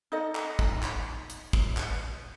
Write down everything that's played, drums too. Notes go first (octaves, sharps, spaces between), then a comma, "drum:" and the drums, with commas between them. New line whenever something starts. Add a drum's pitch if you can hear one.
D#4 A4 D#5
drum: clap
drum: kick
drum: clap
drum: hi-hat
drum: kick
drum: clap